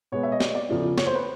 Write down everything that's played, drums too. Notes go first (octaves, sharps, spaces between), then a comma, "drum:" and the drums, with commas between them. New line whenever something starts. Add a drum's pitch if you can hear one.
B2 G#3 B3 C#5
E5
D#5
D5, drum: snare
D5
E2 C#3 F3 A3
C#5, drum: snare
C5
B4